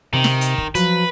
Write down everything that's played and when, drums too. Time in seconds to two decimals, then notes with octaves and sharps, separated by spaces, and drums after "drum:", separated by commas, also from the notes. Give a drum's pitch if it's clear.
0.13 C3 D#3
0.24 drum: snare
0.41 drum: hi-hat
0.58 drum: kick
0.75 F3 F#3 B4, drum: hi-hat